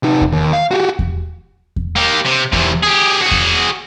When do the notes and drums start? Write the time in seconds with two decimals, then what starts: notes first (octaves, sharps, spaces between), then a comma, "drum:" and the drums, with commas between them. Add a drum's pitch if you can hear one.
0.03 C3 D#4
0.21 drum: kick E2
0.32 D#2
0.53 F5
0.71 F#4 G4
0.99 drum: kick E2
1.76 drum: kick E2
1.96 A#3 G4
2.26 C3
2.53 E2 C3, drum: kick E2
2.83 G4 G#4
3.22 F#4 G#4
3.31 drum: kick E2